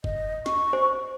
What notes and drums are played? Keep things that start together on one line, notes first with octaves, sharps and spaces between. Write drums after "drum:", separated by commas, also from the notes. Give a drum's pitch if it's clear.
D#5, drum: kick G1
C#6, drum: snare
C5